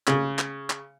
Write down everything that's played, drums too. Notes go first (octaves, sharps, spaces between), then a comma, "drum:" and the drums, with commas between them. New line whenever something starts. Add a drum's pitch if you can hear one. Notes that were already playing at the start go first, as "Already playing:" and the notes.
C#3, drum: clap
drum: clap
drum: clap